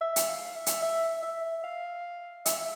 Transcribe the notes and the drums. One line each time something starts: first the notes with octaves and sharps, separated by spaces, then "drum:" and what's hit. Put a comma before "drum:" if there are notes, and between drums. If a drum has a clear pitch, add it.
E5
drum: hi-hat
F5
E5
drum: hi-hat
E5
E5
F5
E5, drum: hi-hat